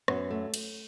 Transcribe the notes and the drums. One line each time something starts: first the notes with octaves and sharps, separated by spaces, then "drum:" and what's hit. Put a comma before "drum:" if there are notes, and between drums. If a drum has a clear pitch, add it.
F#2 B3, drum: rim click
A3
drum: cymbal